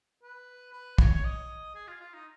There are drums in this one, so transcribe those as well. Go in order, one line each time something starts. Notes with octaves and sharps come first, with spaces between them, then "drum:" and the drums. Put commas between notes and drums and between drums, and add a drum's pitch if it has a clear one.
B4
B4
C#5, drum: kick
C#5
D#5
G#4
F4
F4
D#4